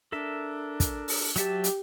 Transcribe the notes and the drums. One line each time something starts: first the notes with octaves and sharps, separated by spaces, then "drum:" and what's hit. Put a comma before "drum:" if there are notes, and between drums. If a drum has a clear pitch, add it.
D4 A4 A#4 E5
drum: kick, hi-hat
drum: open hi-hat
F#3 G4 E5 A5, drum: hi-hat
drum: hi-hat